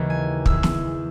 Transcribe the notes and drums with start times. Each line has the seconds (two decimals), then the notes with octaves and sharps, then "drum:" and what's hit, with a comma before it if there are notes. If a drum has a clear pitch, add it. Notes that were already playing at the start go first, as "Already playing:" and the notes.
Already playing: D#2 C#3 E3
0.10 G#5
0.46 E2 C#3 E3 E6, drum: kick
0.63 drum: snare